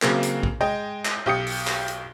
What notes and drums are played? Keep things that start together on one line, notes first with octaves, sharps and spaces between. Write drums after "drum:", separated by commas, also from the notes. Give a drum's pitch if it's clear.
C#3 F#3 A#3 C4, drum: clap
drum: hi-hat
drum: kick A#1
G#3 D#5 G5
drum: clap
B1 G4 D#6 C#7
drum: open hi-hat
drum: clap
drum: hi-hat